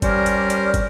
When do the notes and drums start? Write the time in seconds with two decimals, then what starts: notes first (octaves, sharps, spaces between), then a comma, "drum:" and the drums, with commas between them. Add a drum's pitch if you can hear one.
0.02 G3 C#4 A#4 C5 D5, drum: kick, hi-hat
0.26 drum: hi-hat
0.50 drum: hi-hat
0.74 drum: kick, hi-hat